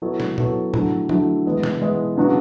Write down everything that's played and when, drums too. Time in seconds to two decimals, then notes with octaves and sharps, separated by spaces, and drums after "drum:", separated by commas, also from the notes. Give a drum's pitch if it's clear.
0.02 F#3 B3 E4 A4 C#5
0.20 drum: snare
0.38 F#3 B3 E4 A4 C#5, drum: tom A#2
0.74 D3 F#3 A3 E4, drum: tom
1.09 D3 F#3 A3 E4, drum: tom
1.45 E3 G#3 B3 E4
1.63 drum: snare
1.82 E3 G#3 B3 E4
2.17 C#3 F#3 B3 D4 F#4